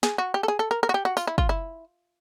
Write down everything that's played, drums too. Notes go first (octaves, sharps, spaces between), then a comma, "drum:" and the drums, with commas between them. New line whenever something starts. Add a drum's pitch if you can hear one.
G#4, drum: snare
F#4
G4
A4
G#4
A4
A#4
A#4
F#4
G4
F#4
F4, drum: tambourine
E4
F4, drum: kick
E4